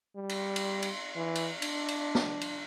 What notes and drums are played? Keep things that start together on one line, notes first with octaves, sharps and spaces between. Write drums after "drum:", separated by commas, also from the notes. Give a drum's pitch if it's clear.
G3
drum: cymbal
drum: cymbal
drum: cymbal
E3
drum: cymbal
D4, drum: cymbal
drum: cymbal
drum: snare
drum: cymbal